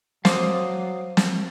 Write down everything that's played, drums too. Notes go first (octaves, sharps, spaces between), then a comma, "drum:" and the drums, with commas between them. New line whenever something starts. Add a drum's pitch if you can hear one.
F#3 C5 F5 D6 D#6, drum: snare
drum: snare